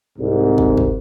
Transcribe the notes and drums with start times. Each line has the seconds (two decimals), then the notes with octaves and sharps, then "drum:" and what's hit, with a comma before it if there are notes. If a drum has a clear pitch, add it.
0.19 C2 G#2
0.58 drum: kick
0.77 drum: kick